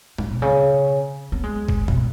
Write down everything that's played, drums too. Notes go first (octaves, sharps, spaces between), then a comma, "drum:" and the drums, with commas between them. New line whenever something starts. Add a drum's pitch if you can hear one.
A2, drum: tom G3
B2
C#3
B3
G#3
drum: kick G1
B2, drum: tom E2